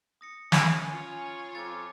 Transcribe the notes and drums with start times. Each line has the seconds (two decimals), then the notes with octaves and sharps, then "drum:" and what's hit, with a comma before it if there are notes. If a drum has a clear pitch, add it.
0.21 D#6 A#6 C#7
0.52 C#4 G#5 B5, drum: snare
0.91 F4 C#5
1.55 F2 D6 A6